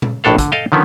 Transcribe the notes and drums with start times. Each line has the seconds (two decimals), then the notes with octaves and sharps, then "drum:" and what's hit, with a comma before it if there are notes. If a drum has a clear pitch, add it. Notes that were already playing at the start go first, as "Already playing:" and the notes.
0.02 drum: tom A#2
0.24 A#1 A2 D4 A4 F5
0.38 D3, drum: kick, hi-hat
0.52 A4 D#5 F5 G5
0.72 D3 D#3 F3 B3 C#4